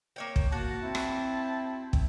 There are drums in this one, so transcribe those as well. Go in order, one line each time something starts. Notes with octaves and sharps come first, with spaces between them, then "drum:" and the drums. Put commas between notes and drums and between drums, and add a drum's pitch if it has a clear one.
A#3 C#5 G5
drum: kick
A#3 F#4 A5
C4 E4
drum: rim click
drum: kick